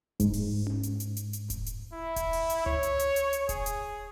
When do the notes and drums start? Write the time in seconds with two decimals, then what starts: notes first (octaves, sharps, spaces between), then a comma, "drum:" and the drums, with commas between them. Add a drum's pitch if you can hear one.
0.20 G#2, drum: kick D#1, hi-hat
0.33 drum: open hi-hat
0.67 drum: tom C#4
0.83 drum: hi-hat
1.00 drum: hi-hat
1.17 drum: hi-hat
1.33 drum: hi-hat
1.50 drum: kick D#1, hi-hat
1.66 drum: hi-hat
1.93 E4
2.16 drum: kick D#1, hi-hat
2.33 drum: open hi-hat
2.50 drum: hi-hat
2.66 C#5, drum: tom C#2
2.83 drum: hi-hat
2.99 drum: hi-hat
3.16 drum: hi-hat
3.33 drum: hi-hat
3.49 G#4, drum: kick D#1, hi-hat
3.66 drum: hi-hat